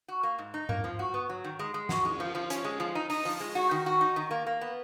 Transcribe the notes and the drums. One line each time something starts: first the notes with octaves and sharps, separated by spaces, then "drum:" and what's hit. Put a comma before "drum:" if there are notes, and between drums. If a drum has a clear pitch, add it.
F#4
A#3
G#2
D#4
A#3, drum: tom A2
F3
F#4
B3
F#3
D#3
G#3
G#3
F#4, drum: snare
G#3, drum: cymbal
F3
F3
C#4, drum: hi-hat
G#3
F3
D#4
D#4, drum: open hi-hat
F3, drum: open hi-hat
G#3
F#4
D#3
F#4
D#4
D#3
A#3
A#3
B3